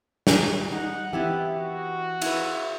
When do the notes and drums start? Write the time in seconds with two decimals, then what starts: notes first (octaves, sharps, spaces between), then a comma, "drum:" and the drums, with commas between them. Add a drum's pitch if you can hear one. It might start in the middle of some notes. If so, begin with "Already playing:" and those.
0.27 drum: snare
0.72 D#4 F#5
1.13 E3 B3 C4 E4 G4
1.56 F#4
2.22 E4 B4, drum: cymbal